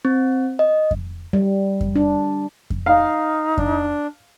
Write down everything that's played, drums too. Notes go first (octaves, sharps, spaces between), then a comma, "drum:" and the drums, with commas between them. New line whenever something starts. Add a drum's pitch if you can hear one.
C4
D#5
drum: kick F2
G3
drum: kick F2
D4
drum: kick F2
D#4 F5
D4, drum: kick F2